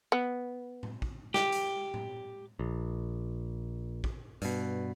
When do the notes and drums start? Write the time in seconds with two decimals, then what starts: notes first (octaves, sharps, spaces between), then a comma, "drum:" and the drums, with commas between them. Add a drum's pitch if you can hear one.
0.12 B3
0.83 drum: tom A2
1.02 drum: kick
1.34 G4, drum: snare
1.52 drum: hi-hat
1.94 drum: tom A2
2.59 A#1
4.04 drum: kick
4.42 G2 B2, drum: hi-hat